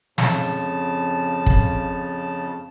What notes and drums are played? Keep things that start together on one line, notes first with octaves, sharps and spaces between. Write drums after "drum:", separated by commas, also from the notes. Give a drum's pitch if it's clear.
F2 C#3 A5, drum: snare
drum: kick